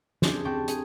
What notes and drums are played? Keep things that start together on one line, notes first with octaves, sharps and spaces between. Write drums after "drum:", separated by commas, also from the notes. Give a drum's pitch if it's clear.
C4 D4 G4 G#4, drum: snare
C4 F#4 G4 G5 A5
G#4, drum: hi-hat